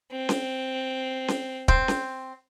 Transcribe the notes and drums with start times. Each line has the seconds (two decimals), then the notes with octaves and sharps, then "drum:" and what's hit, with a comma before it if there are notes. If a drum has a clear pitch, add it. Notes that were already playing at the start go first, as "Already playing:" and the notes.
0.12 C4
0.29 drum: snare C#4
1.28 drum: snare C#4
1.68 C4, drum: kick
1.88 drum: snare C#4